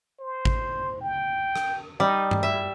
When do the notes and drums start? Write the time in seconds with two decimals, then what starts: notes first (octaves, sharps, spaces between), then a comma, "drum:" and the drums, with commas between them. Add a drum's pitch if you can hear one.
0.20 C5
0.45 drum: kick
1.01 G5
1.56 drum: rim click
2.00 G3 D#4
2.31 drum: tom G2
2.43 E4 E5